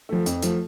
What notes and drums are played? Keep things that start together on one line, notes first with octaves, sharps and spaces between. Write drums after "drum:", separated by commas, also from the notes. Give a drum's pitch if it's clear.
F3 A3
F2, drum: hi-hat
F3 A3, drum: hi-hat